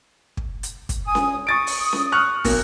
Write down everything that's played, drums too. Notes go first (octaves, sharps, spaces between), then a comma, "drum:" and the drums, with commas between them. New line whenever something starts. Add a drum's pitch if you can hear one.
drum: kick
drum: hi-hat
drum: kick, hi-hat
G#5 D#6
drum: snare C#4
C#6 D#6 A6 D7
drum: open hi-hat
drum: snare C#4
C#6 F6 F#6
B1 A#3, drum: kick, open hi-hat